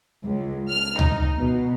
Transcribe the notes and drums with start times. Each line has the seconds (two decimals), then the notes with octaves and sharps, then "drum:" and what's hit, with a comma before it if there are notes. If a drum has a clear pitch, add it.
0.25 C#2
0.69 F6
0.99 D#4, drum: tom C#2
1.37 B2